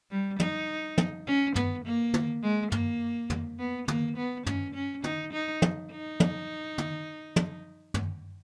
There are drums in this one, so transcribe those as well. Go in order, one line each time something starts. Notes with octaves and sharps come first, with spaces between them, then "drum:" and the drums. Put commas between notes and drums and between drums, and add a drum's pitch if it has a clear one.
G3
D#4, drum: tom
drum: tom
C#4
B3, drum: tom
A#3
drum: tom
G#3
A#3, drum: tom
drum: tom
B3
A#3, drum: tom
B3
C#4, drum: tom
C#4
D#4, drum: tom
D#4
drum: tom
D#4
drum: tom
drum: tom
drum: tom
drum: tom